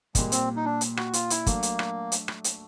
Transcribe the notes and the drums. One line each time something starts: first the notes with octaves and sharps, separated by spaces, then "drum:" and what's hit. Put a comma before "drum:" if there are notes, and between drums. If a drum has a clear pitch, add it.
A#2 G3 G#3 A#3, drum: kick, hi-hat
C4, drum: hi-hat
D#4
D4
drum: hi-hat
F#4, drum: rim click
F4, drum: hi-hat
E4, drum: hi-hat
F#3 A3 A#3 D4, drum: kick, hi-hat
drum: hi-hat
drum: rim click
drum: hi-hat
drum: rim click
drum: hi-hat